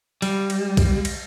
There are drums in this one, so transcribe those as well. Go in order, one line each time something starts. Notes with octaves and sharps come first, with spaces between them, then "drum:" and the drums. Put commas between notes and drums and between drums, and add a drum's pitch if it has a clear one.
G3, drum: cymbal
drum: cymbal
drum: kick B1, cymbal
drum: cymbal